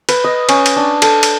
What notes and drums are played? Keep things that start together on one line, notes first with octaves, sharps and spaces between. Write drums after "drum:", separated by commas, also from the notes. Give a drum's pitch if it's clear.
B4, drum: cymbal
D#5
C#4, drum: cymbal
drum: cymbal
D4
A4, drum: cymbal
drum: cymbal